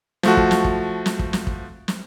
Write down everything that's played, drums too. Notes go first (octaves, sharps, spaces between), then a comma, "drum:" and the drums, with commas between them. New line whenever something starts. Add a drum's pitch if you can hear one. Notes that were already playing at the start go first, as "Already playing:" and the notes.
F3 A3 F#4, drum: snare
drum: kick
drum: snare
drum: kick
drum: snare
drum: kick
drum: snare
drum: kick
drum: snare